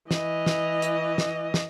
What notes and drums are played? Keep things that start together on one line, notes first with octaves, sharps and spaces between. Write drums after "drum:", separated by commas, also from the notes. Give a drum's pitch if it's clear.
E3 D#5, drum: snare
drum: snare
drum: hi-hat
drum: snare
drum: snare